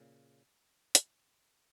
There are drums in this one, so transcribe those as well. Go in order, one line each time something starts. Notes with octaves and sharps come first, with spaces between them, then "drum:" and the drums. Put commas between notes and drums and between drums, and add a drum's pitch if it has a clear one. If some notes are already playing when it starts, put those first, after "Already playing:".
Already playing: A#2 C#3
drum: hi-hat